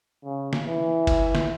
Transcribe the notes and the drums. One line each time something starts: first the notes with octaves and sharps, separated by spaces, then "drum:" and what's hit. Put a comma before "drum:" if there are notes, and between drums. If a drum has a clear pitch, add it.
C#3
drum: snare
E3
drum: kick F#1, cymbal
drum: snare